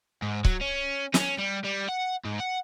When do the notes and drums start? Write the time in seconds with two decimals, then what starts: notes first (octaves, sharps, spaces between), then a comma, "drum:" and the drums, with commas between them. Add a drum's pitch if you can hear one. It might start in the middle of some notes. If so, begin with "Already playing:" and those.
0.22 G#2
0.45 F#3, drum: kick C#1
0.61 C#4
1.14 C#4, drum: snare
1.39 G3
1.64 G3
1.89 F#5
2.25 G#2
2.39 F#5